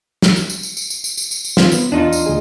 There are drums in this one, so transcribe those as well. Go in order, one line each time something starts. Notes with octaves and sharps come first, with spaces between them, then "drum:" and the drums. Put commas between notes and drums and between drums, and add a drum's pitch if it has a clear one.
drum: snare
drum: tambourine
drum: tambourine
drum: tambourine
drum: tambourine
drum: tambourine
drum: tambourine
drum: tambourine
drum: tambourine
drum: tambourine
D#3 C4 F4, drum: snare
B3, drum: tambourine
E2 D4 D#4 F4
drum: tambourine
D2 G#4